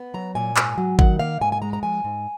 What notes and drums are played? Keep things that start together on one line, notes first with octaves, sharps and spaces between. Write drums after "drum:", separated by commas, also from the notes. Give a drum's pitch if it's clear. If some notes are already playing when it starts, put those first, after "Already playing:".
Already playing: B3
F#3 A#5
A#2 G#5
G#2, drum: clap
F#3
D#3 F#5, drum: kick G#1
A#3 F5
G#2 G#5
G#5
G#3 A#5
A#5
F3 G#5
G#2